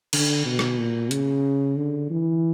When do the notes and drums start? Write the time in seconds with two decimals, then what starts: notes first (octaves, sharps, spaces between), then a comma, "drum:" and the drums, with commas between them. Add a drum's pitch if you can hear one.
0.13 D3, drum: cymbal
0.45 B2
0.59 drum: rim click
0.78 A#2
1.11 C#3, drum: hi-hat
1.76 D3
2.10 E3